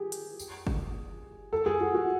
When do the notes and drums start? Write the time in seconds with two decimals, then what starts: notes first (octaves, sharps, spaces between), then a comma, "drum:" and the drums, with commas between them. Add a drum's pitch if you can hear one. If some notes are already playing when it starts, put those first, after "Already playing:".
Already playing: G4 G#4
0.12 drum: hi-hat
0.40 drum: tambourine
0.67 drum: kick
1.53 A4
1.66 G#4
1.81 F#4
1.95 F#4